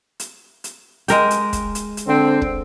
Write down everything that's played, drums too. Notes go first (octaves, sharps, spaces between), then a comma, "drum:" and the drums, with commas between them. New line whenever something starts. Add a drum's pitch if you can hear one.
drum: hi-hat
drum: hi-hat
G#3 A#4 G5, drum: hi-hat
drum: hi-hat
drum: kick, hi-hat
drum: hi-hat
drum: hi-hat
D3 C4
drum: kick